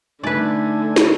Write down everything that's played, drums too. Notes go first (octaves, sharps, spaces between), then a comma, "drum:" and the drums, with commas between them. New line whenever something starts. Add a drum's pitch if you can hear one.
D3 A3 D#4 B4 D5 G#5
drum: snare